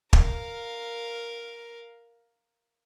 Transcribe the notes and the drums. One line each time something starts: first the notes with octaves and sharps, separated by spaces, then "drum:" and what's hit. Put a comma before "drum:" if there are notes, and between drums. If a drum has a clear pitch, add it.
A#4 F5, drum: kick